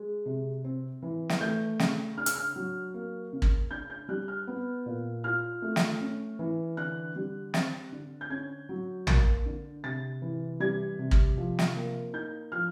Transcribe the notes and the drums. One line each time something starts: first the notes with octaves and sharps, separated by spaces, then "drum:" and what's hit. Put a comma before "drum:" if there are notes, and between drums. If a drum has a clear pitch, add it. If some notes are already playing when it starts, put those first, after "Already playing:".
Already playing: G#3
C3
C4
E3
drum: snare
A3 G6
C#3, drum: snare
D4 F6
E6, drum: hi-hat
F6
F#3
A#3
C#3
drum: kick
D4 G6
G6
G3 F#6
F6
B3
A#2
F4 F6
A3
drum: snare
C#4
E3
D3 F#6
G3
C4 A6, drum: snare
D3
G6
C#4 G#6
F#3
A#3 A6, drum: tom
D3
C3 A6
E3
G3 G#6
C3
drum: kick
F3
drum: snare
A#3
D#4 G6
F3 F6